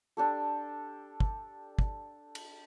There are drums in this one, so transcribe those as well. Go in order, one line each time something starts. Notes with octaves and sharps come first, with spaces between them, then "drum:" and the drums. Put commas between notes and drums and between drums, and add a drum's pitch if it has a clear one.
D4 G4 A4
drum: kick
drum: kick
drum: cymbal